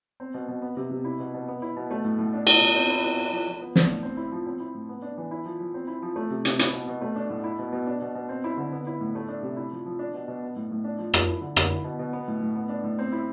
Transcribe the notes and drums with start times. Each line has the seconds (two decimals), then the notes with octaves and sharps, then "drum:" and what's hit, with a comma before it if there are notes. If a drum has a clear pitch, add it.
0.20 C4
0.34 B2
0.48 B2
0.62 B3
0.77 C3
0.91 C3
1.05 E4
1.19 B2
1.34 B2
1.48 B3
1.62 E4
1.77 B2
1.91 A3
2.04 A2
2.18 A2
2.34 D4
2.47 B2, drum: cymbal
2.61 B2
2.76 C4
2.90 E4
3.05 B2
3.19 E4
3.32 F3
3.47 F3
3.61 B3
3.76 D4, drum: snare
3.90 A2
4.03 C4
4.17 E4
4.32 F3
4.47 C4
4.60 E4
4.74 A2
4.89 B3
5.02 D4
5.18 E3
5.31 E4
5.46 F3
5.60 F3
5.74 C4
5.87 E4
6.02 F3
6.16 A3
6.30 C3
6.45 C3, drum: hi-hat
6.59 E4, drum: hi-hat
6.73 B2
6.87 B2
7.01 A3
7.16 D4
7.30 A2
7.44 E4
7.59 B2
7.72 B2
7.86 D4
8.01 B2
8.15 B2
8.29 C4
8.44 E4
8.57 D3
8.72 B3
8.87 E4
9.00 A2
9.15 A3
9.28 D4
9.43 C3
9.57 E4
9.72 F3
9.86 F3
9.99 D4
10.14 B2
10.28 B2
10.43 B3
10.56 A2
10.71 A2
10.84 D4
10.99 F3
11.13 F3, drum: rim click
11.28 E4
11.41 D3
11.56 D3, drum: rim click
11.70 E4
11.84 B2
11.99 B2
12.13 B3
12.27 A2
12.41 A2
12.56 B3
12.69 D4
12.83 A2
12.99 C4
13.12 E4